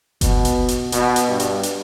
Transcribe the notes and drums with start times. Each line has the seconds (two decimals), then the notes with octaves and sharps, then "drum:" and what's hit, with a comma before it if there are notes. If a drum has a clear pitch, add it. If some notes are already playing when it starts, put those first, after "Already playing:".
0.21 B2, drum: kick F#1, hi-hat
0.45 drum: hi-hat
0.68 drum: hi-hat
0.92 B2, drum: hi-hat
1.16 drum: hi-hat
1.28 G2
1.40 drum: hi-hat
1.63 drum: hi-hat